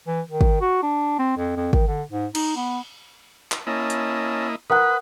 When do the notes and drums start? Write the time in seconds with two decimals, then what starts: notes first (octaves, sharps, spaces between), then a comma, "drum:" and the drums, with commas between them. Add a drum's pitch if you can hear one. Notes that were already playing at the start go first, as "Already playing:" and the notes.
0.07 E3
0.28 D#3
0.41 drum: kick
0.61 F#4
0.83 D4
1.19 C4
1.37 F2
1.56 F2
1.73 D#3, drum: kick
1.87 D3
2.11 G#2
2.35 D#4, drum: cymbal
2.56 B3
3.51 drum: clap
3.67 A#3 C#4 E4 D#5 A5
3.90 drum: hi-hat
4.70 A#4 B4 F#5 D#6 F#6